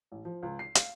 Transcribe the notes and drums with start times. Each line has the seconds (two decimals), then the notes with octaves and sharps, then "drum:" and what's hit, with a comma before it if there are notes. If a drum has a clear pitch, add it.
0.12 A1
0.25 F3
0.43 C#2
0.59 C7
0.75 F5, drum: hi-hat